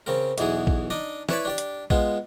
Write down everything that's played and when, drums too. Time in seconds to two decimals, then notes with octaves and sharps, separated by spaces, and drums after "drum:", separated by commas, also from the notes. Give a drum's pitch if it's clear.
0.06 C#3 C4 A#4
0.38 B1 E2 E3 B3 G#4, drum: hi-hat
0.67 drum: kick
0.90 D4 D#4 D5 D#5
1.29 E4 B4 C#5 D5 A5 B5, drum: snare
1.45 D4 G4 D5
1.58 drum: hi-hat
1.90 G#3 B3 F4, drum: kick